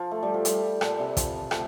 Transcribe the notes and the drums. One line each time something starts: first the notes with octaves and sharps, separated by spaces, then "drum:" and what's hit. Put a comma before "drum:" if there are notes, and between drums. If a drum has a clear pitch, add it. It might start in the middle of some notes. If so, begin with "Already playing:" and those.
Already playing: F3
A3
G3
F3
G3, drum: hi-hat
A#2, drum: rim click
C3
F3, drum: kick, hi-hat
F3 A3, drum: rim click